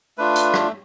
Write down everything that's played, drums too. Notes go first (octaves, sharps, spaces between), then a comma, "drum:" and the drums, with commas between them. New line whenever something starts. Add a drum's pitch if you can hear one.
A3 D4 F4 B4
drum: hi-hat
drum: rim click